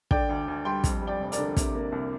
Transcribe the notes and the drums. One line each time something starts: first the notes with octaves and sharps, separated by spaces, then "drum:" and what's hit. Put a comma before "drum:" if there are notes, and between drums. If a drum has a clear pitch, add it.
D3 D5 G5, drum: kick
D2
D2
G3 G5 C6
F2, drum: kick, hi-hat
G3
D5 G5
F1
A#4 D5, drum: hi-hat
D3
C3, drum: kick, hi-hat
A#3
C2